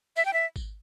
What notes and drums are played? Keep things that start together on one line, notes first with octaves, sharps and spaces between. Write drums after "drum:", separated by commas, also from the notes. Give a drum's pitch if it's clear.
E5, drum: tambourine
G5
E5
drum: kick G#1, tambourine